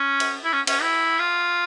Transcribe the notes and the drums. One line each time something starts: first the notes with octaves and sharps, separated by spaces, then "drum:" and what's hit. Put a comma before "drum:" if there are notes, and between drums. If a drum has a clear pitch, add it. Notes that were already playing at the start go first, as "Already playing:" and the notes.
Already playing: C#4
drum: cymbal
E4
C#4
C#4, drum: cymbal
E4
F4